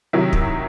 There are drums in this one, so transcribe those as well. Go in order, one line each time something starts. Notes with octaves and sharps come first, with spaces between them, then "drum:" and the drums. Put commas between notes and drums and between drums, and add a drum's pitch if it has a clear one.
C3 D#3 F#3 E4
drum: kick